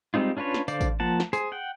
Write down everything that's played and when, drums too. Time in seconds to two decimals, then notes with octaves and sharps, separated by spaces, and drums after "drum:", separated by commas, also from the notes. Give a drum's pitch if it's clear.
0.14 G3 G#3 C4 D#4 F4
0.37 C#4 D4 F4 B4 C#5
0.54 drum: snare
0.68 D3 C5 D5 F5 D6, drum: tambourine
0.81 drum: kick A1, tambourine
1.00 F3 A#3 F#5 A5
1.20 drum: snare
1.33 G#4 C5, drum: tambourine
1.52 F#5 G5